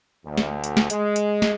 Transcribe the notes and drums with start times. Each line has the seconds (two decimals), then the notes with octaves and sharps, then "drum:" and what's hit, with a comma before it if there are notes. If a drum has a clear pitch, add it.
0.24 D2
0.38 drum: snare
0.64 drum: hi-hat
0.77 drum: snare
0.90 G#3, drum: hi-hat
1.16 drum: hi-hat
1.42 drum: snare